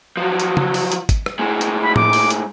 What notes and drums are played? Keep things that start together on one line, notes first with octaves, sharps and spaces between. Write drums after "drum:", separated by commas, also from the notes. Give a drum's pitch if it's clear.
F3 F#3
drum: hi-hat
drum: tom
drum: open hi-hat
drum: hi-hat
drum: kick G#1, hi-hat
drum: rim click
A2 G#3
drum: hi-hat
B5
D6, drum: tom A2
drum: open hi-hat
drum: hi-hat